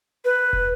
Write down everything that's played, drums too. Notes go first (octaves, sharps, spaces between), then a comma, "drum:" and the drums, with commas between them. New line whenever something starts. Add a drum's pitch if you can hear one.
B4
drum: kick